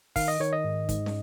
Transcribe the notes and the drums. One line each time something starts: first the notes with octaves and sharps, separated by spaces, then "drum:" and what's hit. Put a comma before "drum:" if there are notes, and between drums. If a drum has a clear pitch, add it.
D#3 F5, drum: kick, open hi-hat
D#5
D#3 C#5
D#5
G#2
G#2, drum: kick, hi-hat
drum: snare